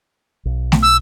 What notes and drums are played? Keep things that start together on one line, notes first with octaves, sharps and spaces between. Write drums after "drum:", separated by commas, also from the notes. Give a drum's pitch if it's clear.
B1
drum: snare A3
E6